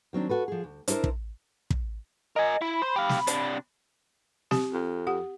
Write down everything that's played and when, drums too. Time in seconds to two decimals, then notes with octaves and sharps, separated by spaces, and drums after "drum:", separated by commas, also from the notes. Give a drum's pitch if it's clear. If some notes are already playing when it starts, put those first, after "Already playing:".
0.13 D#3 F#3 C4 D4
0.29 F#4 A4 B4
0.48 F3 G#4
0.64 D2
0.88 D4 E4 G#4 A#4 C5, drum: hi-hat
1.04 drum: kick
1.70 drum: kick
2.36 A#4 D#5 G#5
2.62 E4 B5
2.82 C5
2.96 G4 F5
3.09 drum: snare
3.27 C3 D4, drum: hi-hat
4.51 C4 G4, drum: snare
4.73 F2
5.07 G4 F#5